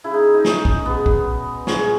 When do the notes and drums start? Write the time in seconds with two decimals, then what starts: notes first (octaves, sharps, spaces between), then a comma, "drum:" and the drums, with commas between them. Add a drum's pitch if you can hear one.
0.04 C#3 G#3 E4
0.14 D#4
0.34 D#4
0.45 C#4, drum: snare
0.65 drum: kick
0.86 B2 G#3 B3
1.06 drum: kick
1.67 A#2 G#3 C#4, drum: snare